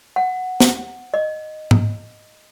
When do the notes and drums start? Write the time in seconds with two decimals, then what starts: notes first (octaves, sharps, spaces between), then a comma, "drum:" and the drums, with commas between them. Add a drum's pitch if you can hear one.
0.16 F#5
0.60 drum: snare
1.14 D#5
1.71 drum: tom G#2